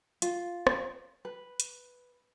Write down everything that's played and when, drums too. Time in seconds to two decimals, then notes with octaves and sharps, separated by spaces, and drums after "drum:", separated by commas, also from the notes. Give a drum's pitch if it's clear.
0.22 F4, drum: hi-hat
0.67 drum: rim click
1.25 B4
1.60 drum: hi-hat